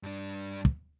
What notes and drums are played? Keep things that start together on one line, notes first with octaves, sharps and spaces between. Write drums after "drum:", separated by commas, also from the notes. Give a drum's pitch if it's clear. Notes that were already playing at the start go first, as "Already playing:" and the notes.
G2 D4
drum: kick